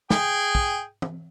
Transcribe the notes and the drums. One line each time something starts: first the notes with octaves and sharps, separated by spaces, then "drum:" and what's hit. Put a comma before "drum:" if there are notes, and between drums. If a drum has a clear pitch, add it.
G#4 G5 G#5, drum: snare
drum: kick
drum: tom